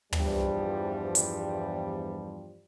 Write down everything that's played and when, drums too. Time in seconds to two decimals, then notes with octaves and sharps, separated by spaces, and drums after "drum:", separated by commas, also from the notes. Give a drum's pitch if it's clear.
0.12 E2 G2 F3 G3, drum: tom
1.15 drum: hi-hat